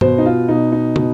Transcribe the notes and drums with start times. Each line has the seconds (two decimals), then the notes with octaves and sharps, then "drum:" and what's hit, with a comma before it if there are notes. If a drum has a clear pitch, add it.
0.01 B2 C5, drum: tom G2
0.18 D#4
0.26 F4
0.48 B2 D#4
0.72 D#4
0.96 B2, drum: tom